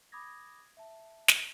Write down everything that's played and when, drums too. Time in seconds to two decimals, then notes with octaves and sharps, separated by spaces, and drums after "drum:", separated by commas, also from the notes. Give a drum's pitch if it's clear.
0.12 B5 D6 D#6 G#6 A#6
0.77 E5 A5
1.28 drum: snare